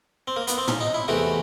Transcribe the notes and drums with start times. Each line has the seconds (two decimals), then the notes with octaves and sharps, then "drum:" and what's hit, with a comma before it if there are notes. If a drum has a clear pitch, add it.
0.28 C4
0.36 A#3
0.47 B3, drum: hi-hat
0.58 C4
0.68 C#4, drum: tom
0.80 D#4
0.94 E4
1.08 E2 C3 E3 A3 F#4